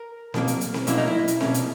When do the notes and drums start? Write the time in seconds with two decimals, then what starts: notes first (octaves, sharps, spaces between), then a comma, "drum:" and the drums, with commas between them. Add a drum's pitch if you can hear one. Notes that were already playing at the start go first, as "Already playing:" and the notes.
Already playing: A#4
0.34 B2 F#3 A#3, drum: snare C4
0.48 drum: hi-hat
0.61 drum: hi-hat
0.74 drum: snare C4
0.87 B2 F#3 A#3 C#4 E4, drum: hi-hat
0.98 D#4
1.08 E4
1.28 drum: hi-hat
1.41 B2 A#3 C#4, drum: snare C4
1.54 drum: hi-hat